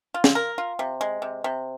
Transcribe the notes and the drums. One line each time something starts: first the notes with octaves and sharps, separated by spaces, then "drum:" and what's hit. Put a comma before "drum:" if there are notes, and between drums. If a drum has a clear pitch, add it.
F4
drum: snare
A#4
F4
C3
G#3
C3
C3